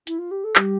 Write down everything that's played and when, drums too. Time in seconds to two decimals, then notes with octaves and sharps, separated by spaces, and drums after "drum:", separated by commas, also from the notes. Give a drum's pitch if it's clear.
0.07 E4, drum: hi-hat
0.18 F4
0.31 G4
0.44 A4
0.56 G3 G4, drum: clap